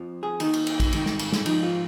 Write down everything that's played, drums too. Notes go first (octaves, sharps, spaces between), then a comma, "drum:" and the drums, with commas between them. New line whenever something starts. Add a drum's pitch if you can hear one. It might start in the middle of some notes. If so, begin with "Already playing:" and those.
Already playing: F2 F3
G#4
D#2 D#3 D#4, drum: cymbal
drum: cymbal
drum: cymbal
drum: kick, cymbal
G#2 D#3, drum: cymbal
drum: snare
drum: cymbal
drum: snare
G#2 F3 D#4, drum: cymbal
F4